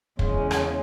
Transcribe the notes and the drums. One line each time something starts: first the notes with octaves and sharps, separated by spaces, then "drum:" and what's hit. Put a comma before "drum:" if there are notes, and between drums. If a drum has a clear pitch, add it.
E2 C#3 G#3 C#4, drum: kick
drum: rim click